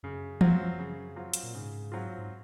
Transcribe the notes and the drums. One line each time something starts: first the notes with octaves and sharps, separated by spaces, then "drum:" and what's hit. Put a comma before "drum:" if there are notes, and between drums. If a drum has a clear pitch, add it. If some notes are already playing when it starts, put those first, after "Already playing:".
F#2 C#3
F#3 C4 F4, drum: tom E3
C#3
F#3 C4 F4
drum: hi-hat
A#2
G#2 C#3
F#3 C4 F4
G#2